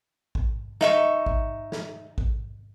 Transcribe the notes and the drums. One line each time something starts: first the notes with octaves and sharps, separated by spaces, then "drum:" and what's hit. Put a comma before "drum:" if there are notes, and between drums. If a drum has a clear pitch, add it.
drum: kick A1
D#4 E5 C#6, drum: snare
drum: kick A1
drum: snare
drum: kick A1